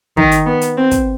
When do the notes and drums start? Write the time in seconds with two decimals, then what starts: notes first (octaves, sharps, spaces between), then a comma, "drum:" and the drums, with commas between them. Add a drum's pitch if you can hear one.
0.17 D#3, drum: kick
0.32 drum: hi-hat
0.46 B3
0.61 drum: hi-hat
0.76 C4
0.91 drum: kick, hi-hat